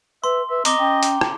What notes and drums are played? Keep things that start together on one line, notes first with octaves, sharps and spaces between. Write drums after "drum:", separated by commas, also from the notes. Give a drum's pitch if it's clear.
B4 E5 C6
B4 E5
C4 D#5 A#5 D6 G7, drum: hi-hat
C#4 G5
drum: hi-hat
drum: rim click